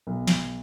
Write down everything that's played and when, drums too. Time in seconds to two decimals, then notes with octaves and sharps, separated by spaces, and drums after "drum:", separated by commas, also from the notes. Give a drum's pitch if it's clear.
0.07 B1
0.27 drum: snare